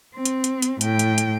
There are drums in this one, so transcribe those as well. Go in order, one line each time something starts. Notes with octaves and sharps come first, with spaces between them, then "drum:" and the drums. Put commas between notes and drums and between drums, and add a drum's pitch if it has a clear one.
C4
drum: hi-hat
drum: hi-hat
drum: hi-hat
A2 G5, drum: hi-hat
drum: hi-hat
drum: hi-hat